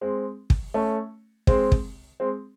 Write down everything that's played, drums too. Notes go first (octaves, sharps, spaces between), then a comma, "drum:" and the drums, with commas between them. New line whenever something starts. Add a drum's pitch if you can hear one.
G#3 C4
drum: kick
A3 C#4
G#3 C4, drum: kick
drum: kick
G#3 C4